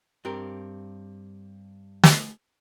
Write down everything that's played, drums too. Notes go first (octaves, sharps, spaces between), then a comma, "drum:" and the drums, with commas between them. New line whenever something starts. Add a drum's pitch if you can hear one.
G2 C4 G4 A#4
drum: snare